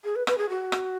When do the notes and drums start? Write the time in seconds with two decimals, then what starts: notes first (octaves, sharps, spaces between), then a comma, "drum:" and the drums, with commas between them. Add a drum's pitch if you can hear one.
0.04 G#4
0.16 B4
0.27 B4, drum: rim click
0.38 G#4
0.49 F#4
0.72 drum: rim click